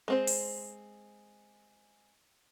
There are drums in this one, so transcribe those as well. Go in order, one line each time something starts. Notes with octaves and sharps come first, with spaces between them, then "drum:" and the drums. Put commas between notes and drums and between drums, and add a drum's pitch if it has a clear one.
G#3 C4 C5
drum: open hi-hat